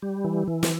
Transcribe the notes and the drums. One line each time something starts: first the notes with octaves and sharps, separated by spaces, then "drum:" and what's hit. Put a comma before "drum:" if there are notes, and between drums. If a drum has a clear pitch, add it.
G3
E3
E3
drum: snare